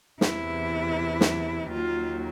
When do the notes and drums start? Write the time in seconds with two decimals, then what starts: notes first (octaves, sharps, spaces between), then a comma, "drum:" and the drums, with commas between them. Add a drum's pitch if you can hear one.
0.21 E2 C3 E3 E4, drum: snare
1.21 drum: snare
1.70 D#2 D#3 F#3 F4